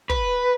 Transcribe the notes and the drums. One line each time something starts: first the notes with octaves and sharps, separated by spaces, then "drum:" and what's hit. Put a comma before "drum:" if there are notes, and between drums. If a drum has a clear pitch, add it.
B4, drum: kick